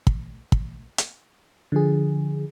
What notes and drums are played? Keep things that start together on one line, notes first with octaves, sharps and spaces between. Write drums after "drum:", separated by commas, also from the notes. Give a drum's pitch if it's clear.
drum: kick
drum: kick
drum: hi-hat
D3 F3 G#4